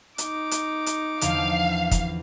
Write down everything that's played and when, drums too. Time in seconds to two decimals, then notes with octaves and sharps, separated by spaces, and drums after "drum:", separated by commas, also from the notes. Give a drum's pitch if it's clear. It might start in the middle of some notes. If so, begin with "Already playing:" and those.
0.18 D#4 D6, drum: hi-hat
0.51 drum: hi-hat
0.86 drum: hi-hat
1.21 E2 D3 F3 F5, drum: hi-hat
1.91 drum: kick, hi-hat